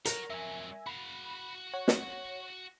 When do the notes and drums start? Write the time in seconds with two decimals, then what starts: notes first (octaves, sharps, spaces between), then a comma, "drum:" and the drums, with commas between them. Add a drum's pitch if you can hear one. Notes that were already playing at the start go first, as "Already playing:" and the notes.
0.05 F#4 A#4 C#5, drum: hi-hat
0.30 F2 F#3 E5 G#5
0.87 F#4 F5 B5
1.74 C#5 F#5
1.88 drum: snare